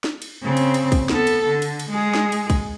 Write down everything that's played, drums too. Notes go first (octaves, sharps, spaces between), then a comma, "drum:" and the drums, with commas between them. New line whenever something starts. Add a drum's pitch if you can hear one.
drum: snare
drum: cymbal
C#3 C4
drum: cymbal
drum: cymbal
drum: kick, cymbal
B3 A4, drum: snare
drum: cymbal
D3
drum: cymbal
drum: cymbal
G#3 G#4
drum: snare
drum: cymbal
drum: kick, cymbal